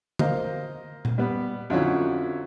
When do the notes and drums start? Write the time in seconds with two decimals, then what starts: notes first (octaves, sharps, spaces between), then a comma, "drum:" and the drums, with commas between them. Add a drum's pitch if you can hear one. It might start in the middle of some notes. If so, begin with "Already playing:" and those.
0.19 A#4 C5 D#5 F5, drum: tom
1.05 drum: tom A#2
1.18 G3 B3
1.70 F2 D3 F#3 C#4 E4